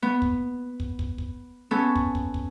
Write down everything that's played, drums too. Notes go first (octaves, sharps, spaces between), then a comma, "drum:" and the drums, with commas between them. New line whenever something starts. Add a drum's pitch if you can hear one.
B3
drum: kick
drum: kick
drum: kick
drum: kick
B3 C#4 A4
drum: kick
drum: kick
drum: kick